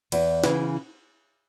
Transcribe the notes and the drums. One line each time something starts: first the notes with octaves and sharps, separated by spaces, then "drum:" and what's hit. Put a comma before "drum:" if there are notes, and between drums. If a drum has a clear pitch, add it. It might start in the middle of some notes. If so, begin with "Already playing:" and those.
E2, drum: cymbal
C#3 E3, drum: snare